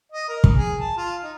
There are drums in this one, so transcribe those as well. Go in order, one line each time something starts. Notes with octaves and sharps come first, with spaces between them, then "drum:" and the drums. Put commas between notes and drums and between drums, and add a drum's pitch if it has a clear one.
D#5
A#4
drum: kick
G#4
A5
F4
D#4